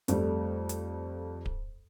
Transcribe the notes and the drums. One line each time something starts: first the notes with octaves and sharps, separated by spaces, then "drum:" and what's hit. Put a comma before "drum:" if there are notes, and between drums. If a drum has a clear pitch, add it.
F2 G3 A3, drum: hi-hat
drum: hi-hat
drum: kick D1